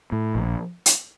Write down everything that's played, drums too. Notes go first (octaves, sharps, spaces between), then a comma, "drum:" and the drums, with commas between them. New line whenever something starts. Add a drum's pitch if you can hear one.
A2
A#1
drum: hi-hat